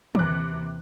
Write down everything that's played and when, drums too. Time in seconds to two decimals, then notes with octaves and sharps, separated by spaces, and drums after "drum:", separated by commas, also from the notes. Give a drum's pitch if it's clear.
0.15 D#2 C3 E3 D6 F#6, drum: tom